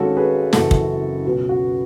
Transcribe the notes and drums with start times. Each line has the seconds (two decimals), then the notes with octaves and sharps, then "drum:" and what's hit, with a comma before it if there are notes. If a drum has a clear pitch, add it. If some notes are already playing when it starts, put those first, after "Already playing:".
Already playing: G#1 G#2 G#3 C#4 F#4 A4
0.17 G#4 B4
0.53 F#1 F#2 E3 F#4 A4, drum: snare
0.71 drum: kick
1.25 C#2 B2 F#3 B3
1.49 F#4